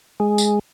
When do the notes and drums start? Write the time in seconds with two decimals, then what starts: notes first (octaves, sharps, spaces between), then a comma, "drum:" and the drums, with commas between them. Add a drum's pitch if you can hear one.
0.20 G#3
0.38 drum: tambourine